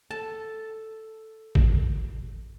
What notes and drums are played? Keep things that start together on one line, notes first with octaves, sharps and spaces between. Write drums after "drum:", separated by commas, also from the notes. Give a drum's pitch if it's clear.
A4 A5
drum: kick A1